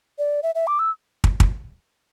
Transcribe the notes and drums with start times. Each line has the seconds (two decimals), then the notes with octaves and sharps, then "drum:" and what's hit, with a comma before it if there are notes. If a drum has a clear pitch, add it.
0.19 D5
0.43 E5
0.55 E5
0.67 D6
0.79 E6
1.24 drum: kick
1.40 drum: kick